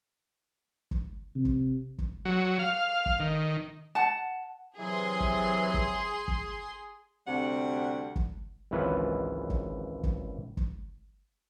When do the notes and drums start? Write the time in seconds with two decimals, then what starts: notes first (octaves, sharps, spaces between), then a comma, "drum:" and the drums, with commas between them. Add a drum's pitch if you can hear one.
0.91 drum: kick
1.35 C3
1.45 drum: kick
1.98 drum: kick
2.25 F#3
2.59 F5
3.06 drum: kick
3.20 D#3
3.95 F#5 A5
4.78 C3 E3 F#3 G#4 C6
5.20 drum: kick
5.74 drum: kick
6.28 drum: kick
7.27 D2 C3 G3 F#5
8.16 drum: kick
8.71 G#1 C#2 E3 F#3 F4 B4
9.50 drum: kick
10.03 drum: kick
10.57 drum: kick